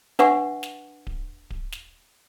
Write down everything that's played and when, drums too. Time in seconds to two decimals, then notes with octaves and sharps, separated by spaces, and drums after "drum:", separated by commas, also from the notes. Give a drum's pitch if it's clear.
0.19 D4 B4 E5 F#5 G#5 C#6, drum: snare
0.63 drum: snare
1.07 drum: kick D1
1.50 drum: kick D1
1.72 drum: snare